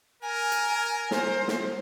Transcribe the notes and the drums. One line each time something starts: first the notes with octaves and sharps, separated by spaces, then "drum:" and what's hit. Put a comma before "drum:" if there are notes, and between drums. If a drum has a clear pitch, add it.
A#4 G#5
drum: hi-hat
C5, drum: snare
drum: snare